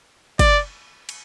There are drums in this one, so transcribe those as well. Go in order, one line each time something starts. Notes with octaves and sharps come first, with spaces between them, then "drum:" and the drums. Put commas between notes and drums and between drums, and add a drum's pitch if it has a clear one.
D5, drum: kick, cymbal
drum: cymbal